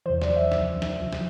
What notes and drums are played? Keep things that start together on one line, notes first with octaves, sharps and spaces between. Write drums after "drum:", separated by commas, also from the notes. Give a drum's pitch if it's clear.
E2 C3 E3 C5
D5, drum: snare
E5
C#2 C3 F3, drum: snare
drum: snare
D2 C3 F3
drum: snare